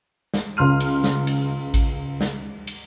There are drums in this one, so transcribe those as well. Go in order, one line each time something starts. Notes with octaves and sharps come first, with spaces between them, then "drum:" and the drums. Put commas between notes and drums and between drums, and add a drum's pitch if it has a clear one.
drum: snare
C#2 C6 F6 D#7
drum: cymbal
drum: snare
drum: cymbal
drum: kick A1, cymbal
drum: snare
drum: cymbal